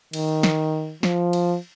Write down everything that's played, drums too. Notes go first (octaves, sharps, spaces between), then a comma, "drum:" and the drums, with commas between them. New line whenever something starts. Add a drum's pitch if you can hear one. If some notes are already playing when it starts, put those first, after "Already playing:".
D#3, drum: cymbal
drum: snare
F3, drum: snare
drum: cymbal